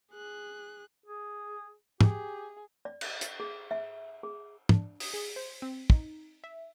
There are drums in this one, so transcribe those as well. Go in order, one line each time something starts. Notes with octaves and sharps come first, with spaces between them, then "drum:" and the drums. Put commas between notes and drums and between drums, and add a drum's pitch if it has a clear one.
G#4 F#6
G#4
G4 G#4, drum: tom
D5
drum: cymbal
drum: hi-hat
G#4
E5
G#4
D4, drum: tom
D#6, drum: open hi-hat
G#4
C5
C4
D#4, drum: kick
E5